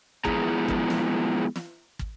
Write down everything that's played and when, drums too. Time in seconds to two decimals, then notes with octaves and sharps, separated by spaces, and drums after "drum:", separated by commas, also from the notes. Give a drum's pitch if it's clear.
0.25 F3 G#3 B3 E4 G#4 A#5, drum: kick
0.68 drum: kick
0.90 drum: snare
1.56 drum: snare
1.99 drum: kick